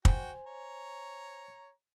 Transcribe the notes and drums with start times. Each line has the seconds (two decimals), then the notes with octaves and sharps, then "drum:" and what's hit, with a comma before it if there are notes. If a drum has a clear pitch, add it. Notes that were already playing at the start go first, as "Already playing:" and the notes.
0.05 F#4 C5 G5 G#5, drum: kick
0.46 C#5 A#5